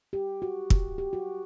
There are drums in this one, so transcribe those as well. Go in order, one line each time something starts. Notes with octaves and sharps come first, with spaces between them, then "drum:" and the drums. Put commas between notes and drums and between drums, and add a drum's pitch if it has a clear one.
G4
F#4
drum: kick
G4
F#4